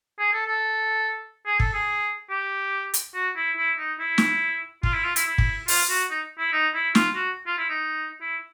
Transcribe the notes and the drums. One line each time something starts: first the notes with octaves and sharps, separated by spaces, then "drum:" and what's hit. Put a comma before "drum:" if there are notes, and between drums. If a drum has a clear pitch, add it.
G#4
A4
A4
G#4
A4, drum: kick
G#4
G4
drum: hi-hat
F#4
E4
E4
D#4
E4
drum: snare
F4, drum: kick
E4
F4
E4, drum: hi-hat
E4
drum: kick
F4, drum: open hi-hat
F#4
D#4
E4
D#4
E4
F4, drum: snare
F#4
F4
E4
D#4
E4